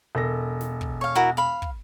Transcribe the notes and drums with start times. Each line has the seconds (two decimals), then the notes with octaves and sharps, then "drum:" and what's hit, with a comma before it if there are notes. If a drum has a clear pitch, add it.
0.15 E1 A4 A#6
0.61 drum: snare
0.81 drum: kick
1.01 C#5 F5
1.15 E4 F#4 A#4
1.37 F5 B5
1.62 drum: kick